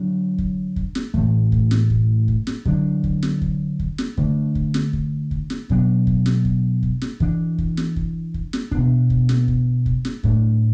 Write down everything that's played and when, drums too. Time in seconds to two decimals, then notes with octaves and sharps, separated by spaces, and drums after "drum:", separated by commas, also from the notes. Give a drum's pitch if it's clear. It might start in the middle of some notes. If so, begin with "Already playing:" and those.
Already playing: D3 F#3 D4
0.38 drum: kick
0.76 drum: kick
0.95 drum: snare
1.14 A2 E3 A3, drum: kick
1.52 drum: kick
1.71 drum: snare
1.90 drum: kick
2.28 drum: kick
2.47 drum: snare
2.65 D3 F#3 D4, drum: kick
3.04 drum: kick
3.23 drum: snare
3.41 drum: kick
3.79 drum: kick
3.98 drum: snare
4.17 D3 A3 D4, drum: kick
4.55 drum: kick
4.74 drum: snare
4.93 drum: kick
5.31 drum: kick
5.50 drum: snare
5.69 B2 F#3 B3 D4, drum: kick
6.07 drum: kick
6.26 drum: snare
6.45 drum: kick
6.83 drum: kick
7.02 drum: snare
7.20 E3 D4, drum: kick
7.58 drum: kick
7.77 drum: snare
7.96 drum: kick
8.34 drum: kick
8.53 drum: snare
8.71 B2 B3 D4, drum: kick
9.10 drum: kick
9.29 drum: snare
9.48 drum: kick
9.86 drum: kick
10.05 drum: snare
10.23 A2 A3 D4, drum: kick